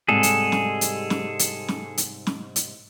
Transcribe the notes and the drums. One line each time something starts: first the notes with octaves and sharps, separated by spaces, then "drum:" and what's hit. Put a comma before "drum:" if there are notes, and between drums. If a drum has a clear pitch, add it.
G#2 C3 G3 G#4 A4
drum: hi-hat
drum: snare
drum: hi-hat
drum: snare
drum: hi-hat
drum: snare
drum: hi-hat
drum: snare
drum: hi-hat